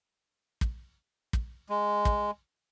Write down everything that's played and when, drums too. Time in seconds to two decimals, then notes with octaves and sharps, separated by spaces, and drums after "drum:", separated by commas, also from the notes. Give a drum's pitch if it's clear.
0.61 drum: kick
1.33 drum: kick
1.69 G#3
2.05 drum: kick